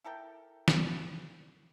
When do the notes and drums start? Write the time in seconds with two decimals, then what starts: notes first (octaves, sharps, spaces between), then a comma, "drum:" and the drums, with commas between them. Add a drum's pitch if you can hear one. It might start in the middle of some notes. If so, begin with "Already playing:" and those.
0.04 E4 A4 A#4 G5
0.68 drum: snare